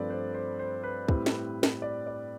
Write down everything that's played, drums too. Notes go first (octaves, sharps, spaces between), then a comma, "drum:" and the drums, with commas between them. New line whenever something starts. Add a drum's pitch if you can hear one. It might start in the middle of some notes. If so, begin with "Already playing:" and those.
Already playing: G2 F3 A3 C4 B4 D5
C5
C5
C5
B4
A2 G3 C4, drum: kick
drum: snare
drum: snare
D5
D5